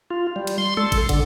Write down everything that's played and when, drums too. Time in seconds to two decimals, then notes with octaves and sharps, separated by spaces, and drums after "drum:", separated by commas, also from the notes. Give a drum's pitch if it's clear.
0.10 F4
0.36 G3
0.47 drum: cymbal
0.58 C6
0.77 A4, drum: tom G3
0.92 drum: kick, cymbal
1.09 D3, drum: kick, cymbal